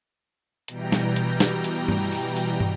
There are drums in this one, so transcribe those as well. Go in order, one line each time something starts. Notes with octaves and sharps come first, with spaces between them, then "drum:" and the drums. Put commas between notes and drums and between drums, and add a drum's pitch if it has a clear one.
B2 E3 G3 G5 A#5, drum: hi-hat
drum: snare
drum: hi-hat
drum: snare
drum: hi-hat
drum: tom
drum: open hi-hat
drum: open hi-hat
drum: tom